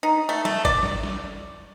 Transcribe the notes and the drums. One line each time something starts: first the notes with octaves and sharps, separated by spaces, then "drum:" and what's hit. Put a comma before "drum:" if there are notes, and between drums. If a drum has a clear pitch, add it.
D#4
A3
A3, drum: snare
D5, drum: kick
drum: snare
drum: snare